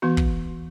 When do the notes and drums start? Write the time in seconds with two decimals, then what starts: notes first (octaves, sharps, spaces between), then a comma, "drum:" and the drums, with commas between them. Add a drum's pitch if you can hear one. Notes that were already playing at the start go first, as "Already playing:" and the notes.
0.02 E3 B3 F#4
0.17 drum: kick